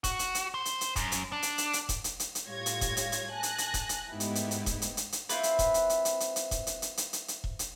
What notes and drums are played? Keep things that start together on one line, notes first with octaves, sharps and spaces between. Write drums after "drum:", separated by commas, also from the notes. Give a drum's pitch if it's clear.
F#4, drum: kick E1, hi-hat
drum: hi-hat
drum: hi-hat
C5
drum: hi-hat
drum: hi-hat
F#2, drum: kick E1, hi-hat
drum: hi-hat
D4
drum: hi-hat
drum: hi-hat
drum: hi-hat
drum: kick E1, hi-hat
drum: hi-hat
drum: hi-hat
drum: hi-hat
A2 G3 F4 C#5 G#6 A#6
drum: hi-hat
drum: kick E1, hi-hat
drum: hi-hat
drum: hi-hat
G#5 A5 F#6 A#6
drum: hi-hat
drum: hi-hat
drum: kick E1, hi-hat
drum: hi-hat
G#2 A3 B3 D#4 E4 G4
drum: hi-hat
drum: hi-hat
drum: hi-hat
drum: kick E1, hi-hat
drum: hi-hat
drum: hi-hat
drum: hi-hat
C4 E4 F4 B4, drum: hi-hat
drum: hi-hat
drum: kick E1, hi-hat
drum: hi-hat
drum: hi-hat
drum: hi-hat
drum: hi-hat
drum: hi-hat
drum: kick E1, hi-hat
drum: hi-hat
drum: hi-hat
drum: hi-hat
drum: hi-hat
drum: hi-hat
drum: kick E1
drum: hi-hat